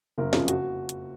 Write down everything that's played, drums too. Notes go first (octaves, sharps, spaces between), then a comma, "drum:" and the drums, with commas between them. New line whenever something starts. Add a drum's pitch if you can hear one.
F#1 A#4
F2 C#3 F3, drum: snare
F#4, drum: hi-hat
drum: hi-hat